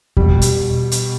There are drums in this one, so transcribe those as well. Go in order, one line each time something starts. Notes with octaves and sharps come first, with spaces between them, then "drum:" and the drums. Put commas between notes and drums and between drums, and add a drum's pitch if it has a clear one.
B2 G3, drum: kick E2
drum: hi-hat
B2
drum: hi-hat